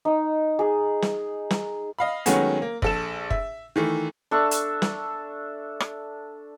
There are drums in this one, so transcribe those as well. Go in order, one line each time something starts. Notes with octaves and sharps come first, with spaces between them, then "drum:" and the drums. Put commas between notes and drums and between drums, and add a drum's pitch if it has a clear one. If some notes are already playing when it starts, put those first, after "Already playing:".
D#4
G#4
drum: snare
drum: snare
D#5 F5 B5
D#3 F#3 G#3 A3 B3 C#4, drum: hi-hat
A#3
A#1 A4 E7, drum: kick F#1
E5, drum: kick F#1
D#3 E3 A3
D4 A4 E5 C#6
drum: hi-hat
drum: snare
drum: rim click